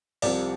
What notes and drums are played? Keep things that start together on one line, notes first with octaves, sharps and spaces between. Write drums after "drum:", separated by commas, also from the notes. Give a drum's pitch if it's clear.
C2 C3 F3 D5, drum: open hi-hat